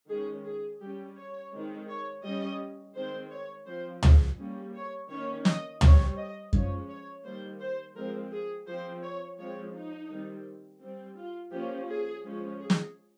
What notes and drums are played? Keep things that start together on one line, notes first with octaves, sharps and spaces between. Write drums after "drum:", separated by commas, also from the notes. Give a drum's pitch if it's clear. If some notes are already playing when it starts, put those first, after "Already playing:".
D#3 G#3 C#4 G#4
G#4
G3 C#4 G4
C#5
D#3 G#3 C4
C#5
G3 C#4 D#5
D#3 G#3 C4 C5
C#5
F3 C4 C5
G#4, drum: tom
G3 A#3 C#4
C#5
D#3 A#3 C#4 C#5
D#5, drum: snare
G3 C4 C#5, drum: tom
D#5
F3 G#3 C#4 C#5, drum: kick F#2
C#5
D#3 G3 A#3 C5
C5
F3 G#3 C4 A#4
G#4
F3 C4 C5
C#5
F3 G#3 C4 C#5
D#4
D#3 G3 C4
G3 C4
F4
F3 A#3 C#4 G4
G#4
F3 G#3 C#4
G#4
drum: snare